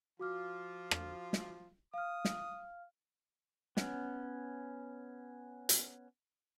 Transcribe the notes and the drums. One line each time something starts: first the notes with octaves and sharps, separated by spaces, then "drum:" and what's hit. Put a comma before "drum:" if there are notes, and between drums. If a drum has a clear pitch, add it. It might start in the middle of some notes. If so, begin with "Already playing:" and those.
F3 F4 F#4 D6 F6
drum: rim click
drum: snare
F5 D#6 F6
drum: snare
B3 C#4, drum: snare
drum: hi-hat